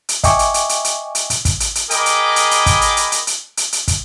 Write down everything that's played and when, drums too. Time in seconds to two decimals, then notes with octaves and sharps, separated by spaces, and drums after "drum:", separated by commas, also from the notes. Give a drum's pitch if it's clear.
0.09 drum: hi-hat
0.24 D#5 E5 G5 G#5 C#6 D6, drum: kick, hi-hat
0.39 drum: hi-hat
0.54 drum: hi-hat
0.69 drum: hi-hat
0.84 drum: hi-hat
1.15 drum: hi-hat
1.30 drum: hi-hat
1.45 drum: kick, hi-hat
1.60 drum: hi-hat
1.75 drum: hi-hat
1.91 G#4 A#4 D#5 G5 B5 D6, drum: hi-hat
2.06 drum: hi-hat
2.36 drum: hi-hat
2.51 drum: hi-hat
2.66 drum: kick, hi-hat
2.82 drum: hi-hat
2.97 drum: hi-hat
3.12 drum: hi-hat
3.27 drum: hi-hat
3.57 drum: hi-hat
3.72 drum: hi-hat
3.88 drum: kick, hi-hat